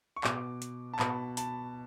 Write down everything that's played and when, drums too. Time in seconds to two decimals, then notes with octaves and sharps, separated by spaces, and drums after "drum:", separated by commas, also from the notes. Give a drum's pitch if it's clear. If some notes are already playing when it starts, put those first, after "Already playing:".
0.16 C#6
0.24 B2 D6, drum: clap
0.62 drum: hi-hat
0.93 A5
0.99 B2 B5, drum: clap
1.37 A5, drum: hi-hat